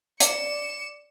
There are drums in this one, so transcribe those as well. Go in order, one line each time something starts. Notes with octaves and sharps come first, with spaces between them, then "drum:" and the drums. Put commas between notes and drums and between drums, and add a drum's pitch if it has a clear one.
D5 C#7 E7, drum: hi-hat